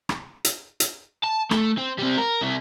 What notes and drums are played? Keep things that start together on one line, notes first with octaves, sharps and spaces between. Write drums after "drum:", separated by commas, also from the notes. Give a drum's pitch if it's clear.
drum: rim click
drum: hi-hat
drum: hi-hat
A5
A3, drum: rim click
C4
G3 C4
A#4
C3 E4